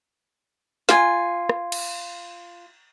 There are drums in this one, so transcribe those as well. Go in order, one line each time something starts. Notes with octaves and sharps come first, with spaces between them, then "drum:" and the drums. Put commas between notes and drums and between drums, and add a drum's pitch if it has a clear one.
F4 G#5, drum: snare
drum: rim click
drum: cymbal